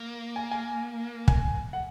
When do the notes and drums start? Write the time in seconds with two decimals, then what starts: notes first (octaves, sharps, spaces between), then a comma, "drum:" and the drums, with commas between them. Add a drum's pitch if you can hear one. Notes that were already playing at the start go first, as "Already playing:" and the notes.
Already playing: A#3
0.36 G#5
0.51 G#5
1.28 G#5, drum: kick
1.73 F#5